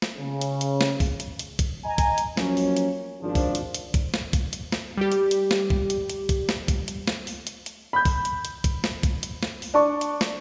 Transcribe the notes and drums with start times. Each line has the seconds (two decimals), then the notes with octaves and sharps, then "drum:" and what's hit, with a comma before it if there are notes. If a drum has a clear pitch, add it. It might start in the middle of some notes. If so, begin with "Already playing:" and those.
0.02 drum: snare
0.18 C#3
0.41 drum: hi-hat
0.61 drum: hi-hat
0.81 drum: snare
1.00 drum: kick, open hi-hat
1.20 drum: hi-hat
1.39 drum: hi-hat
1.59 drum: kick, hi-hat
1.85 D#5 G#5 A#5
1.98 drum: kick, hi-hat
2.18 drum: hi-hat
2.37 F3 F#3 A#3 C#4, drum: snare
2.57 drum: open hi-hat
2.77 drum: hi-hat
3.21 G#1 F3 D4
3.35 drum: kick, open hi-hat
3.55 drum: hi-hat
3.74 drum: hi-hat
3.94 drum: kick, hi-hat
4.14 drum: snare
4.33 drum: kick, hi-hat
4.53 drum: hi-hat
4.72 drum: snare
4.97 G3 G4
5.12 drum: hi-hat
5.31 drum: hi-hat
5.51 drum: snare
5.70 drum: kick
5.90 drum: hi-hat
6.10 drum: hi-hat
6.29 drum: kick, hi-hat
6.49 drum: snare
6.68 drum: kick, hi-hat
6.88 drum: hi-hat
7.07 drum: snare
7.27 drum: open hi-hat
7.47 drum: hi-hat
7.66 drum: hi-hat
7.93 B5 G6
8.05 drum: kick, open hi-hat
8.25 drum: hi-hat
8.45 drum: hi-hat
8.64 drum: kick, hi-hat
8.84 drum: snare
9.03 drum: kick, hi-hat
9.23 drum: hi-hat
9.43 drum: snare
9.62 drum: open hi-hat
9.74 D4 A5 C#6
10.01 drum: hi-hat
10.21 drum: snare